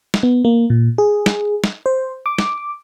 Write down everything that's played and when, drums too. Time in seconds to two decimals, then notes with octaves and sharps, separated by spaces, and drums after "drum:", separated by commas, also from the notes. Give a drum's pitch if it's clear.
0.14 drum: snare
0.23 B3
0.45 A#3
0.70 A#2
0.98 G#4
1.26 drum: snare
1.64 drum: snare
1.86 C5
2.26 D6
2.38 drum: snare